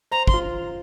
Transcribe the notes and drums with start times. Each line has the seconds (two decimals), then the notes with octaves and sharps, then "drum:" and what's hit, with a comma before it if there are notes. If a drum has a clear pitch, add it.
0.11 C5 A#5
0.27 C6, drum: kick
0.34 F4